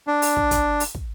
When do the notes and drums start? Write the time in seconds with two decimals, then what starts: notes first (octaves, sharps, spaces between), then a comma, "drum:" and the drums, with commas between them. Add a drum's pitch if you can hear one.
0.07 D4
0.22 drum: open hi-hat
0.36 drum: kick
0.51 drum: kick, hi-hat
0.80 drum: open hi-hat
0.95 drum: kick